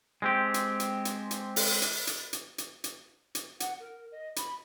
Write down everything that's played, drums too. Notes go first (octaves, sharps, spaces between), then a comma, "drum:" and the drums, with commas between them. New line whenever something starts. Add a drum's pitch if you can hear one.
G#3 C4 G4
drum: hi-hat
drum: hi-hat
drum: hi-hat
drum: hi-hat
drum: open hi-hat
drum: hi-hat
drum: hi-hat
drum: hi-hat
drum: hi-hat
drum: hi-hat
drum: hi-hat
F#5, drum: hi-hat
A#4
D#5
B5, drum: hi-hat